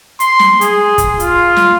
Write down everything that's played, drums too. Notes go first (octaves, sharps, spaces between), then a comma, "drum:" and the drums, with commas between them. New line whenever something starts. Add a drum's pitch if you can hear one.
C6, drum: hi-hat
drum: snare
G#4, drum: hi-hat
drum: kick, hi-hat
F4, drum: hi-hat
drum: snare